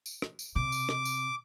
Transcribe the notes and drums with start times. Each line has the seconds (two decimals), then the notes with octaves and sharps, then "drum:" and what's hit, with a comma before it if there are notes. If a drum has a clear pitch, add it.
0.06 drum: tambourine
0.22 drum: rim click
0.39 drum: tambourine
0.56 C3 D6
0.72 drum: tambourine
0.89 drum: rim click
1.05 drum: tambourine